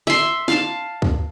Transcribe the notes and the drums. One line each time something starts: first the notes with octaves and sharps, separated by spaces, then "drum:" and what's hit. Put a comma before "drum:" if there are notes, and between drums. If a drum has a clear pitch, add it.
E5 C6
F5 A5, drum: snare
drum: kick C#2